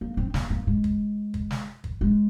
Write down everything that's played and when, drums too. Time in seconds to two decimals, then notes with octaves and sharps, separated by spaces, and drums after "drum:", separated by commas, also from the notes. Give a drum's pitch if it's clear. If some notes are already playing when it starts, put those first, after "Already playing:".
0.01 A#3
0.17 C4
0.34 A#3, drum: snare
0.50 A#3
0.67 G#3
0.84 drum: kick
1.34 drum: kick
1.51 drum: snare
1.84 drum: kick
2.01 G#3